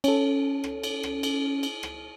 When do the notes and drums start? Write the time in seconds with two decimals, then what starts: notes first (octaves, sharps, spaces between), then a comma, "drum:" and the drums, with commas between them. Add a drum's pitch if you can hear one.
0.04 C#4 A4, drum: cymbal
0.64 drum: rim click
0.83 drum: cymbal
1.03 drum: rim click
1.23 drum: cymbal
1.63 drum: cymbal
1.83 drum: rim click